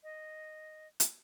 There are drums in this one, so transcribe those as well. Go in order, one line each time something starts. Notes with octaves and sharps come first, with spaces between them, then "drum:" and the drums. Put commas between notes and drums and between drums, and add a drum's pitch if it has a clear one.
D#5
drum: hi-hat